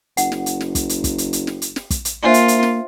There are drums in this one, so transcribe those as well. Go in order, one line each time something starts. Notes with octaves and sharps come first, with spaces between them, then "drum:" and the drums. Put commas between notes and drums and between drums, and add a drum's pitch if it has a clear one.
F#1 F#5, drum: hi-hat
drum: snare
drum: hi-hat
drum: snare
drum: kick, hi-hat
drum: hi-hat
drum: kick, hi-hat
drum: hi-hat
drum: hi-hat
drum: snare
drum: hi-hat
drum: snare
drum: kick, hi-hat
drum: hi-hat
A#3 D4 F4 C5 E5
drum: hi-hat
drum: hi-hat
drum: snare